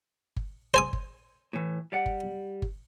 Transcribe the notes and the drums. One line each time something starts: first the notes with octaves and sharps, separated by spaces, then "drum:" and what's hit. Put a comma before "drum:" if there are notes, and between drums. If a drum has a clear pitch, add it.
drum: kick G1
C5 G#5 D#6
drum: kick G1
A2 E3
G3 D5 F#5
drum: kick G1
drum: kick G1